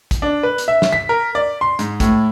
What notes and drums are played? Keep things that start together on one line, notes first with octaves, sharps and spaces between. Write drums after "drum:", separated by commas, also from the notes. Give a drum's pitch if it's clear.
drum: kick, hi-hat
D4
B4
drum: hi-hat
E5
drum: snare
B6
A#4
D5
C6
G#2, drum: hi-hat
A2, drum: kick, hi-hat